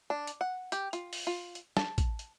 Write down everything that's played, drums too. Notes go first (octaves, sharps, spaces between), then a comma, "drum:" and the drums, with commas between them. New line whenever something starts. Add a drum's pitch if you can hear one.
D4
drum: hi-hat
F#5
G4, drum: hi-hat
F4, drum: hi-hat
drum: open hi-hat
F4
drum: hi-hat
A5, drum: snare
drum: kick, hi-hat
drum: hi-hat